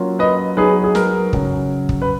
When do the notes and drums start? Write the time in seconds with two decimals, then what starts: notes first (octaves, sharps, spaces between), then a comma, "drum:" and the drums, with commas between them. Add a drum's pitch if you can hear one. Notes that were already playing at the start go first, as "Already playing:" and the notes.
Already playing: F#3 A#3 C#4 F4
0.19 B4 D#5
0.57 F#3 B3 D#4 G#4 B4
0.84 G#4
0.95 A#4, drum: snare
1.33 C#3 F#3 C#4, drum: kick
1.89 drum: kick
2.02 B4